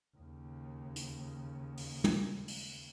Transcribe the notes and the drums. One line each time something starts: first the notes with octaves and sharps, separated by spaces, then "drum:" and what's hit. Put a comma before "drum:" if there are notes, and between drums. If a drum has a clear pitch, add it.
D#2 C#3
drum: hi-hat
drum: open hi-hat
drum: tom
drum: open hi-hat